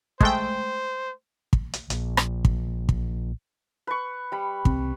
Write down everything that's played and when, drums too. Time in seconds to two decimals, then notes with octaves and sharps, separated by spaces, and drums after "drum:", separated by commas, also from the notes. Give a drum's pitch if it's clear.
0.21 G#3 A3 C5 G5, drum: kick
1.53 drum: kick
1.73 drum: hi-hat
1.90 A#1, drum: hi-hat
2.17 drum: rim click
2.45 drum: kick
2.89 drum: kick
3.87 B4 C#6
4.32 G3 B5
4.65 C2 C4, drum: kick